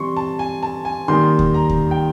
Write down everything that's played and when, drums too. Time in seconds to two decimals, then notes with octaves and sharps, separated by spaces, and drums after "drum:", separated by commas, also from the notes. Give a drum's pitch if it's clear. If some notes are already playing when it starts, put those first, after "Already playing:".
Already playing: C3 E3 G3 C6 C#6
0.17 A5
0.39 G#5
0.63 A5
0.85 G#5
1.08 D#3 G3 A#3 C6
1.39 drum: kick D#2
1.54 A#5
1.70 drum: kick D#2
1.91 G5